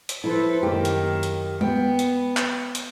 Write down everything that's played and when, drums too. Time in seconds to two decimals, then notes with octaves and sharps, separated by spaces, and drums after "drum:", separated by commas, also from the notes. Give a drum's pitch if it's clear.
0.09 drum: hi-hat
0.24 F3 E4 A4 B4 C5
0.63 F#2 D#3 A#3 G4
0.85 drum: hi-hat
1.23 drum: hi-hat
1.61 B3 G5, drum: tom G#3
1.99 drum: hi-hat
2.37 drum: clap
2.75 drum: hi-hat